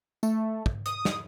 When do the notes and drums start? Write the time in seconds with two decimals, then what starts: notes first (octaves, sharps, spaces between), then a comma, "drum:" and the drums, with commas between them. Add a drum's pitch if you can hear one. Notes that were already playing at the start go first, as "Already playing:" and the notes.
0.23 A3, drum: tambourine
0.66 drum: kick
0.86 D#6, drum: hi-hat
1.05 drum: snare